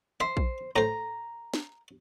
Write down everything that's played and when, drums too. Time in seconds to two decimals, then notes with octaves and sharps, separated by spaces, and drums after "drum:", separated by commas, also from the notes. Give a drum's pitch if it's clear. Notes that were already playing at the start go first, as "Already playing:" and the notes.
0.20 C5 E5
0.37 drum: kick A#1
0.76 A2 C5 A#5
1.54 drum: snare